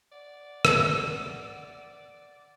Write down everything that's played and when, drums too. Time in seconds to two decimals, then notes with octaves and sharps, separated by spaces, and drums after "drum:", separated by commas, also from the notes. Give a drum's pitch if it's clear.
0.12 D5 F#5
0.65 drum: rim click